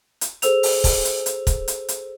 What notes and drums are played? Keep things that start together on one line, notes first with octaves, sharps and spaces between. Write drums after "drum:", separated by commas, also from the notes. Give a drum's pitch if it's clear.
drum: hi-hat
G#4 A4 C5 E6 F7, drum: hi-hat
drum: open hi-hat
drum: kick, open hi-hat
drum: hi-hat
drum: hi-hat
drum: kick, hi-hat
drum: hi-hat
drum: hi-hat